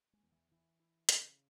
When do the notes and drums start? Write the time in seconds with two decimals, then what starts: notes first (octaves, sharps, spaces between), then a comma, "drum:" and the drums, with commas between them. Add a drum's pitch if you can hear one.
0.13 G#3
0.23 E2
0.32 E3
0.51 E3 E4
0.80 E4
1.09 C#3, drum: hi-hat